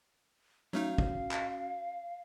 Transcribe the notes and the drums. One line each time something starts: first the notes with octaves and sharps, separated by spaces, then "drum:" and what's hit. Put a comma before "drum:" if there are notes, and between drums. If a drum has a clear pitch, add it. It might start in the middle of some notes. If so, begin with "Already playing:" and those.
F#3 A3 C#4 D#4 F#4 F5 F6
drum: kick
drum: clap